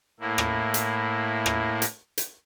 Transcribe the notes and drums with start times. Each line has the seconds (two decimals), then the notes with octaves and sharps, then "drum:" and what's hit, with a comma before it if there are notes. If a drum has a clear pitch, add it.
0.20 A2 A#3 E4
0.38 drum: rim click
0.74 drum: hi-hat
1.46 drum: rim click
1.82 drum: hi-hat
2.18 drum: hi-hat